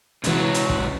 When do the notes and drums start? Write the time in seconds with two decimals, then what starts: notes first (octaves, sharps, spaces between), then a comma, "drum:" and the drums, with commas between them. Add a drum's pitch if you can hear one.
0.24 C#2 C3 E3 F#3, drum: hi-hat
0.54 drum: hi-hat
0.70 drum: kick